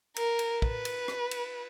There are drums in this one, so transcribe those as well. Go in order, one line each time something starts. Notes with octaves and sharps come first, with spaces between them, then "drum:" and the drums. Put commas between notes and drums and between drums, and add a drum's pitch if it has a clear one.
A#4, drum: cymbal
drum: cymbal
B4, drum: kick
drum: cymbal
drum: rim click
drum: cymbal